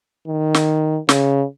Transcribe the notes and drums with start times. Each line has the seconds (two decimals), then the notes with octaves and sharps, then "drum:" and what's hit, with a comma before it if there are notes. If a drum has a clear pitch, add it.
0.28 D#3
0.54 drum: snare
1.09 C#3, drum: snare